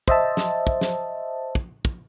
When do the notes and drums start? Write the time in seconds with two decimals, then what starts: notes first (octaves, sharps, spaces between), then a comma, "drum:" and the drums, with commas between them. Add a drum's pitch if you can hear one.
0.08 C5 D#5 E5 A5, drum: kick
0.37 drum: snare
0.67 drum: kick
0.81 drum: snare
1.55 drum: kick
1.85 drum: kick